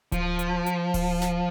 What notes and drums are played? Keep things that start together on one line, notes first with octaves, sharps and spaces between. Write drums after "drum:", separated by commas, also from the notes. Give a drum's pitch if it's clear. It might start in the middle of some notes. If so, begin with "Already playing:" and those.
F3, drum: kick D1, hi-hat
drum: hi-hat
drum: hi-hat
drum: kick D1, open hi-hat
drum: snare